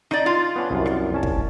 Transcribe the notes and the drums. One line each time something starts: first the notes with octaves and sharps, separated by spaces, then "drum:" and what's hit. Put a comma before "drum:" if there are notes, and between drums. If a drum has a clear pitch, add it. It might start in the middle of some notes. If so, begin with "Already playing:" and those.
D#4 D5, drum: rim click
F4
B3 C#4 D4
C2 F#2 F5
drum: rim click
C2 C#4 A5
drum: kick